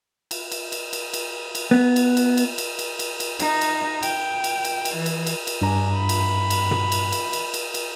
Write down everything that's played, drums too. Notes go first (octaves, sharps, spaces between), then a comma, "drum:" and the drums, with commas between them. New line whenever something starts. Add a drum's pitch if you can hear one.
drum: cymbal
drum: cymbal
drum: cymbal
drum: cymbal
drum: cymbal
drum: cymbal
B3
drum: cymbal
drum: cymbal
drum: cymbal
drum: cymbal
drum: cymbal
drum: cymbal
drum: cymbal
D#4, drum: cymbal
drum: cymbal
G5, drum: cymbal
drum: cymbal
drum: cymbal
drum: cymbal
E3
drum: cymbal
drum: cymbal
drum: cymbal
G2 D4 G#5 A#5
B5
drum: cymbal
drum: cymbal
drum: tom
drum: cymbal
drum: cymbal
drum: cymbal
drum: cymbal
drum: cymbal